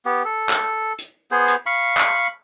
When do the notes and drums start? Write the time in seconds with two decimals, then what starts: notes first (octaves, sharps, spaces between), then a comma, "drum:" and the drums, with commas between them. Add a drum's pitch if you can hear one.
0.06 B3 G4
0.25 A4
0.49 drum: clap
0.99 drum: hi-hat
1.31 B3 G#4 C5
1.48 drum: hi-hat
1.66 F5 B5 C#6
1.97 drum: clap